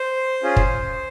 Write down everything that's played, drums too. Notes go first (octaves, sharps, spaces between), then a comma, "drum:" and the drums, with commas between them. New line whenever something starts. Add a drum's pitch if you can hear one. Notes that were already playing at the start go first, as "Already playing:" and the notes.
Already playing: C5
C#4 F4 G#4
drum: kick